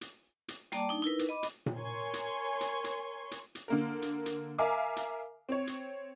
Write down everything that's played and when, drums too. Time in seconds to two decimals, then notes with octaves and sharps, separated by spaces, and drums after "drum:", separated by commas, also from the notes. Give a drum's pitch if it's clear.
0.01 drum: hi-hat
0.48 drum: hi-hat
0.72 G3 A#3 D5 A5 D6, drum: hi-hat
0.89 D4 D#4
1.02 D#4 E4 A#4 B4
1.19 drum: hi-hat
1.29 D#5 B5 D6
1.43 drum: hi-hat
1.66 drum: tom A#2
1.77 A#4 C#5 G#5 C6 C#6
2.13 drum: hi-hat
2.61 drum: hi-hat
2.84 drum: hi-hat
3.31 drum: hi-hat
3.55 drum: hi-hat
3.68 D3 A#3 A#4
4.02 drum: hi-hat
4.26 drum: hi-hat
4.58 A#4 E5 F5 G#5 A#5 D6
4.96 drum: hi-hat
5.49 C4 C#5
5.67 drum: hi-hat